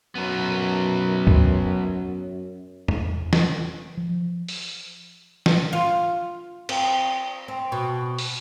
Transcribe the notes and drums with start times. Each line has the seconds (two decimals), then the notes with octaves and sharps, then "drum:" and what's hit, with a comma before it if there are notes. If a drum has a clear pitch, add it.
0.15 F#2 F#3 B3
1.27 drum: kick
2.88 drum: tom E2
3.33 drum: snare
3.97 F3
4.48 drum: open hi-hat
5.46 drum: snare
5.73 F4
6.69 C4, drum: cymbal
7.48 C4
7.72 B2
8.18 drum: open hi-hat